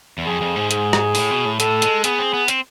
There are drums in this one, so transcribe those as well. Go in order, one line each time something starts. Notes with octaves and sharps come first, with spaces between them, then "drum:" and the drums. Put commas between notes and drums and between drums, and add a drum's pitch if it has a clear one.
E2
F2 G#4
F2
G#2
G#4, drum: hi-hat
drum: rim click
A2, drum: open hi-hat
B2
A2
A2 A4, drum: hi-hat
G#3, drum: hi-hat
B3 G#4, drum: hi-hat
C4
B3
C4, drum: hi-hat